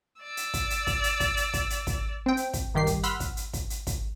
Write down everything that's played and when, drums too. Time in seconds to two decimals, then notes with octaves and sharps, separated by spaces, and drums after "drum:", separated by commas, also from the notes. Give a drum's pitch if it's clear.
0.21 D5 E6
0.37 drum: hi-hat
0.54 drum: kick, hi-hat
0.70 drum: hi-hat
0.87 drum: kick, hi-hat
1.04 drum: hi-hat
1.20 drum: kick, hi-hat
1.37 drum: hi-hat
1.54 drum: kick, hi-hat
1.70 drum: hi-hat
1.87 drum: kick, hi-hat
2.26 C4 G5
2.37 drum: hi-hat
2.54 drum: kick, hi-hat
2.74 G2 D#3 G4 C7
2.87 drum: kick, hi-hat
3.03 F#5 B5 C6 E6 F6 B6, drum: hi-hat
3.20 drum: kick, hi-hat
3.37 drum: hi-hat
3.53 drum: kick, hi-hat
3.70 drum: hi-hat
3.87 drum: kick, hi-hat